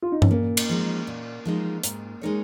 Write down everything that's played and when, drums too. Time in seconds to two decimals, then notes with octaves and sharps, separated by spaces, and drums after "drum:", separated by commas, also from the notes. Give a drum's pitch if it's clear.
0.02 F4
0.12 D#4
0.22 C#4, drum: tom G2
0.31 A#2 A#3
0.57 drum: cymbal
0.69 F3 G#3 D#4
1.07 A#2
1.45 F3 G#3 D#4
1.83 G#2, drum: hi-hat
2.21 G#3 D#4 A#4 C#5